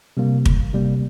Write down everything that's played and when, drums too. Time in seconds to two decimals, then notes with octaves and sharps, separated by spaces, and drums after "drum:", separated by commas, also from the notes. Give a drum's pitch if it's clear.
0.17 C3 G3 A#3
0.46 drum: kick
0.73 C3 G3 A#3